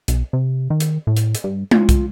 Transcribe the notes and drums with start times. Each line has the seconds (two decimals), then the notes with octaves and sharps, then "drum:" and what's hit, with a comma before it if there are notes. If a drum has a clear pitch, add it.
0.08 B1, drum: hi-hat
0.33 C3
0.70 D#3
0.80 drum: hi-hat
1.07 A2
1.17 drum: hi-hat
1.35 drum: hi-hat
1.44 G2
1.71 F4, drum: tom G#3
1.89 drum: kick, hi-hat